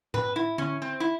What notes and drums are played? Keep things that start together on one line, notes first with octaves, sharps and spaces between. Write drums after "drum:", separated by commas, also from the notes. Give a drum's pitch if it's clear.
B4, drum: tom A2
E4
C#4, drum: tom D3
C4
E4